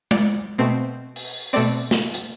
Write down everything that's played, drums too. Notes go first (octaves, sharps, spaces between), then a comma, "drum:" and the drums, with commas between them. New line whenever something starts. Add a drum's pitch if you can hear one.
D5, drum: tom G#3
B2 A3 C4
drum: open hi-hat
B2 A3 C4 D5
drum: snare
drum: hi-hat